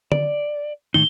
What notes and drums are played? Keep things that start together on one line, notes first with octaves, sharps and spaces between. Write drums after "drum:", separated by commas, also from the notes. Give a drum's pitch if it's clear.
D5, drum: tom D3
A2 D#3 D#4 G7